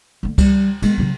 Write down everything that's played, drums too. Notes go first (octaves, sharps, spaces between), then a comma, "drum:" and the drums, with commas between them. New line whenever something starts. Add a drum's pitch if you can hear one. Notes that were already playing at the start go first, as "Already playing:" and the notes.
D3 A3
G3, drum: kick C#2, cymbal
G#3 B3, drum: cymbal
C#3 F#3